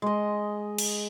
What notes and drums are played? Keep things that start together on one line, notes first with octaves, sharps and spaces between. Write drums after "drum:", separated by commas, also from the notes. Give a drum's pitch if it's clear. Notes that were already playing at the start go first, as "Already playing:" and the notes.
G#3 D#5
drum: cymbal